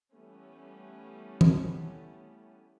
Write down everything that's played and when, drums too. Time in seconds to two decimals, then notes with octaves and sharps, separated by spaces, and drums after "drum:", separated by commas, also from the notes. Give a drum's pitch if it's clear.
0.12 E3 G3 A3 B3 C#4
1.41 drum: tom E3